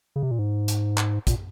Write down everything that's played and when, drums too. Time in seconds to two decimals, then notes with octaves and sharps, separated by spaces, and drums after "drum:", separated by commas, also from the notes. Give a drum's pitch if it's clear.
0.16 C#3
0.23 C3
0.31 A#2
0.39 G#2
0.68 drum: hi-hat
0.98 drum: clap
1.27 A#2, drum: kick, hi-hat